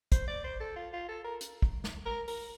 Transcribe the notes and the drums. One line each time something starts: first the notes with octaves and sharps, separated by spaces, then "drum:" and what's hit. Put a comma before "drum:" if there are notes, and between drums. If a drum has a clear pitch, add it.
C5, drum: kick, hi-hat
D5
C5
A4
F4
F4
A4
A#4
drum: hi-hat
drum: kick
drum: snare
A#4
A#4, drum: open hi-hat